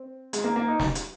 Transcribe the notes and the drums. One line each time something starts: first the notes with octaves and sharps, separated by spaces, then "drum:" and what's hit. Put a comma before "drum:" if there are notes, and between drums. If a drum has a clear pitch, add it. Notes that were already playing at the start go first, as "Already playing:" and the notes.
Already playing: C4
G#3, drum: hi-hat
A#3
A#3
D#4
drum: snare
drum: hi-hat